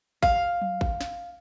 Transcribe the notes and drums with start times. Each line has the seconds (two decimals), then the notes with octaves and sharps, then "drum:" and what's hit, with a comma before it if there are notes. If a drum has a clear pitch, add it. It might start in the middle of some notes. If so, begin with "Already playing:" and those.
0.23 F5, drum: kick G#1
0.62 drum: tom F#3
0.81 drum: kick G#1
1.01 drum: snare